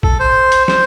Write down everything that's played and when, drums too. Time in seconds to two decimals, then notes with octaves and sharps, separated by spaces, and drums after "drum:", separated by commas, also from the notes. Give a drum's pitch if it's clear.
0.03 A4, drum: kick A#1
0.20 C5
0.52 drum: hi-hat
0.68 C5, drum: snare